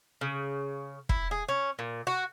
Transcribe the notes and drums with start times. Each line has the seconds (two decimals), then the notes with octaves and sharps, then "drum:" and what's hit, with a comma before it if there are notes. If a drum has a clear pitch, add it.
0.21 C#3
1.09 E4, drum: kick
1.31 G#4
1.49 C#4
1.79 A#2
2.07 F#4